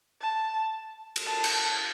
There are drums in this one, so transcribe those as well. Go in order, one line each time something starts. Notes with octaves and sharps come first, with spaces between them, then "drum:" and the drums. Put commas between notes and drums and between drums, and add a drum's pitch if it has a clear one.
A5
drum: cymbal
A5
drum: cymbal